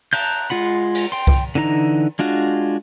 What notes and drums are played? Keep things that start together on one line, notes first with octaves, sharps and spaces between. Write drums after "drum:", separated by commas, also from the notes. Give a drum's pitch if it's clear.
A5 A#5 F#6 G6, drum: cymbal
G#3 F4 F#5 B5
drum: cymbal
G5 C6
drum: kick
D3 E3 D#4 A#5
G#3 D4 F4 F#4